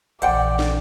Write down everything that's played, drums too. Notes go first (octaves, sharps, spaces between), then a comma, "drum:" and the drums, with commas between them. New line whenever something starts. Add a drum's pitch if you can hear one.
A#1 E3 C5 D5 F#5 G5, drum: hi-hat
drum: snare